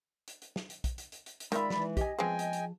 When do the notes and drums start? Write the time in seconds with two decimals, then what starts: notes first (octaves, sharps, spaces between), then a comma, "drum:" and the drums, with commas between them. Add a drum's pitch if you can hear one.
0.28 drum: hi-hat
0.42 drum: hi-hat
0.56 drum: snare
0.70 drum: hi-hat
0.84 drum: kick, hi-hat
0.98 drum: hi-hat
1.12 drum: hi-hat
1.26 drum: hi-hat
1.40 drum: hi-hat
1.52 D#3 G#3 F4 D5 E5 B5, drum: hi-hat
1.70 E3, drum: snare
1.97 G4 D#5 G#5, drum: kick, hi-hat
2.19 F3 G#3 B3 C4 G#4 G5 G#5
2.39 drum: hi-hat
2.53 drum: hi-hat